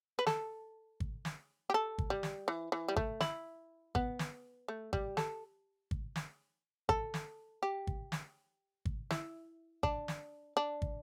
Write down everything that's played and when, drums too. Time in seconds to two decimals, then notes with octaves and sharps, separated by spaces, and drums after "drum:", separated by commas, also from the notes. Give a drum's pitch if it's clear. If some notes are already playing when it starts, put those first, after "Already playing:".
0.19 B4
0.27 A4, drum: snare
1.00 drum: kick
1.25 drum: snare
1.70 G4
1.74 A4
1.98 drum: kick
2.10 G3
2.23 drum: snare
2.48 E3
2.72 E3
2.88 G3
2.97 A3, drum: kick
3.21 E4, drum: snare
3.95 B3, drum: kick
4.19 drum: snare
4.68 A3
4.93 G3, drum: kick
5.17 A4, drum: snare
5.91 drum: kick
6.16 drum: snare
6.89 A4, drum: kick
7.14 drum: snare
7.63 G4
7.87 drum: kick
8.12 drum: snare
8.85 drum: kick
9.11 E4, drum: snare
9.83 D4, drum: kick
10.08 drum: snare
10.57 D4
10.82 drum: kick